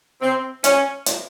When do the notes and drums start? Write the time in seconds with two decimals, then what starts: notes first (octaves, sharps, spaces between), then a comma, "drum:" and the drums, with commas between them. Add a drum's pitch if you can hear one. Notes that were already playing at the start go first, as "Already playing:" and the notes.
0.22 C4
0.64 C#4, drum: hi-hat
1.06 drum: hi-hat